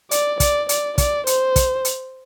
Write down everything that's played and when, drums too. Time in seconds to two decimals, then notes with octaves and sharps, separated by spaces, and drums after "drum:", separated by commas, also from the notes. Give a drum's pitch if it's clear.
0.11 D5, drum: hi-hat
0.40 D5, drum: kick, hi-hat
0.69 D5, drum: hi-hat
0.98 D5, drum: kick, hi-hat
1.27 C5, drum: hi-hat
1.56 drum: kick, hi-hat
1.85 drum: hi-hat